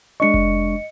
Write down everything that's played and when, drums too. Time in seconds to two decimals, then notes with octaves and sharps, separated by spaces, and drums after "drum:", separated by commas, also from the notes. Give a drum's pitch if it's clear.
0.20 G#3 D4 D#5 C#6 C#7
0.34 drum: kick F1